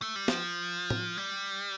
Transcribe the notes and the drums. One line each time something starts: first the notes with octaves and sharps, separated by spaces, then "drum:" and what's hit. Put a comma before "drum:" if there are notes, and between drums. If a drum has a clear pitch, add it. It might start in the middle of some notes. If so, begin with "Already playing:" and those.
A3
G3
F3, drum: snare
drum: tom
G3